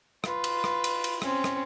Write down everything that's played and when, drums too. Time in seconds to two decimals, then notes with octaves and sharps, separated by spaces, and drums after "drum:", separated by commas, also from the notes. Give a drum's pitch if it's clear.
0.24 F4 B4, drum: rim click
0.44 drum: cymbal
0.64 drum: rim click
0.84 drum: cymbal
1.04 drum: cymbal
1.22 C4 C#4, drum: rim click
1.44 drum: rim click